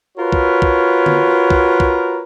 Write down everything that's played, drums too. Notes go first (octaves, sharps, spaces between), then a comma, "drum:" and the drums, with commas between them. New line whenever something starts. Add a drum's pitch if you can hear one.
F4 F#4 A#4 B4 C#5
drum: kick
drum: kick
drum: tom
drum: kick
drum: kick